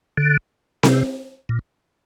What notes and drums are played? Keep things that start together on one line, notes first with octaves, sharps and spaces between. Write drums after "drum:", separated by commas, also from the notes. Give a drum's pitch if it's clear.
D3
C3, drum: snare C4
A#2